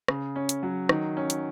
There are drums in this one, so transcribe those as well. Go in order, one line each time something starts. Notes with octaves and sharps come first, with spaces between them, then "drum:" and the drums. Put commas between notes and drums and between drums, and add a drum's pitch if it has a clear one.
C#3, drum: rim click
C#4
drum: hi-hat
F#3
D#3, drum: rim click
C#4
drum: hi-hat